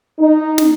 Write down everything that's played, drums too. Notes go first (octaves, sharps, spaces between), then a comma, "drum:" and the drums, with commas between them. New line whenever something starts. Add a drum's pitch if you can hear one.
D#4
drum: snare